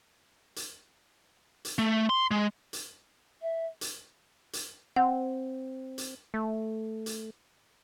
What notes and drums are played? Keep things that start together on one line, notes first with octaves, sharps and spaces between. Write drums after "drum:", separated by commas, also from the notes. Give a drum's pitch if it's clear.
drum: hi-hat
drum: hi-hat
A3
C6
G#3
drum: hi-hat
E5
drum: hi-hat
drum: hi-hat
C4 F#5
drum: hi-hat
A3
drum: hi-hat